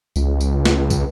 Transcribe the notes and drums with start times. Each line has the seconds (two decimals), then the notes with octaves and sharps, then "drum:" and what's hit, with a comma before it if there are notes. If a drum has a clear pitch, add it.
0.16 C#2, drum: tambourine
0.41 drum: tambourine
0.65 drum: snare
0.90 drum: kick, tambourine